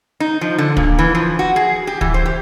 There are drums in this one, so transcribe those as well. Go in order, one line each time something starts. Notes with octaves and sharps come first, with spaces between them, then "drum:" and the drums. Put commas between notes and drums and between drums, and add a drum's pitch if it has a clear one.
D#4
F3
D3
A#2, drum: kick
E3
F3
F#4
G#4
G4
E3, drum: kick
C5
G4